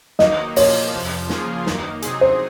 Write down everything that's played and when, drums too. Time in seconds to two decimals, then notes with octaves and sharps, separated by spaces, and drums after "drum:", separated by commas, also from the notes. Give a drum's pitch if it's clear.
0.19 D#3 F#3 A#3 D#4 D#5, drum: snare
0.56 A#2 F3 A#3 C#5, drum: open hi-hat
0.92 F2 C3 F3
1.29 C#3 F3 A#3 F4 G#4, drum: snare
1.66 F#2 D#3 A#3 D#4, drum: snare
2.02 C3 F#3 C4 D#4 G#4, drum: hi-hat
2.21 C5